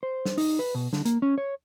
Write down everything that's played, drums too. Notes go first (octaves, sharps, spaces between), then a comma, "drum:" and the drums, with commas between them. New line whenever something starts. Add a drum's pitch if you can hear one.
C5
drum: snare
D#4, drum: open hi-hat
B4
B2
D3, drum: snare
A#3, drum: hi-hat
C#4
C#5